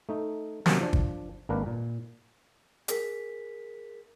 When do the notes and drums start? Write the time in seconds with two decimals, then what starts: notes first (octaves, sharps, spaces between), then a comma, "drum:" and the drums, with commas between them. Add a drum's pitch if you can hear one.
0.09 A3 D#4
0.66 C3 D#3 F#3 A#3 C#4, drum: snare
0.81 F3 D4
0.93 drum: kick
1.49 G#1 A#3 D4 A#4 B4
1.66 A#2
2.88 G#4 A#4 B6, drum: hi-hat